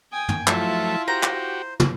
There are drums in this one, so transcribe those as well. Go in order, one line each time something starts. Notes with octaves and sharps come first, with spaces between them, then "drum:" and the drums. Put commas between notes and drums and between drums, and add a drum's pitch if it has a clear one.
G5 G#5 D#6
drum: tom
F3 F#3 A3 E4 F4 E5 A5, drum: clap
F#4 G4 C5 A#5
drum: clap
drum: tom